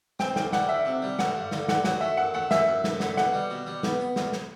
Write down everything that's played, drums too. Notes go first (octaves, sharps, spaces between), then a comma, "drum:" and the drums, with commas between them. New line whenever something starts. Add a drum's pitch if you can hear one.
C4 G5, drum: snare
D2 G5, drum: snare
G3 F#5, drum: snare
D2 E5
C3
G3
A3 F#5, drum: snare
G2
D3, drum: snare
D3 F#5, drum: snare
F#3 F#5, drum: snare
A3 E5
F#2 F#5
A3 F#5
F#2 E5, drum: snare
F#2
F#2, drum: snare
D3, drum: snare
B2 F#5, drum: snare
G3
B2
G3
B3, drum: snare
B3
D2, drum: snare
drum: snare